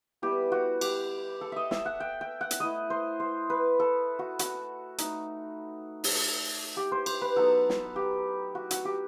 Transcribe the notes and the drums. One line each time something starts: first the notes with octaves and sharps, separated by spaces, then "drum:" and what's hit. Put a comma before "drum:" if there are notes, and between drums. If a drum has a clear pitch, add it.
G3 B3 E4 G4
F#4
G4, drum: cymbal
A4
D#5 E5
E5, drum: snare
F#5
G5
G5
F#5
drum: hi-hat
A3 E4 D#5
C5
C5
B4
A4
F#4
F#4, drum: hi-hat
A3 D#4, drum: hi-hat
drum: open hi-hat
G4
C5
C5, drum: cymbal
B4
F#3 B3 D#4 A4
drum: snare
G4
F#4
F#4, drum: hi-hat
G4